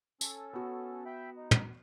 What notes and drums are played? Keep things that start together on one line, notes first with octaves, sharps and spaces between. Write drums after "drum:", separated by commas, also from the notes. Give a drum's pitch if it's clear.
C#4 A4, drum: tambourine
B3 F#4
E5 G5 B5
D#4
drum: tom